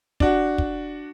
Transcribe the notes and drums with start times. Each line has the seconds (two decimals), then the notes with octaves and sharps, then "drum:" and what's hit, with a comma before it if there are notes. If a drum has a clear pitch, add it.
0.20 D4 F#4, drum: kick
0.58 drum: kick